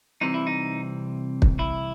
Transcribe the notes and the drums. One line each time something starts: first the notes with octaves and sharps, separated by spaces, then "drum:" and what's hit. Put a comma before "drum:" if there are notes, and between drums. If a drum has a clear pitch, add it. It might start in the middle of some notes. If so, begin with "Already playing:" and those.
C2 C3 E3 C4 D#4
E4
D#4
drum: kick
E4